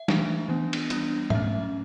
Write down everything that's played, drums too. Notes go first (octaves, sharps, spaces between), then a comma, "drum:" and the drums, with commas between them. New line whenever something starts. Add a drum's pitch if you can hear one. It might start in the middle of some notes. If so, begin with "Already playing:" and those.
Already playing: E5
E3 A3 D4, drum: snare
E3 B3 D4
drum: cymbal
G3 B3 D4, drum: hi-hat
F#3 A3 C#4 E5, drum: tom G#2